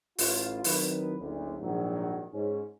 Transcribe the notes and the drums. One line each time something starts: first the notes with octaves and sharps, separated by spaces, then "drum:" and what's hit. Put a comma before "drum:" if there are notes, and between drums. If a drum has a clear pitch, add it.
A1 F4, drum: open hi-hat
D#3 F#3 C4 E4 B4, drum: open hi-hat
F#1 D2
A#1 G#2 D#3 F#3
G#2 C#4